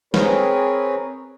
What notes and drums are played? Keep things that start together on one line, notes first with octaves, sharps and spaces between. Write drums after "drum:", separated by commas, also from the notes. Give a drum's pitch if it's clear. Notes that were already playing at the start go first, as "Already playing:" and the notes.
C4 G#4 A#4 B4 C#5, drum: snare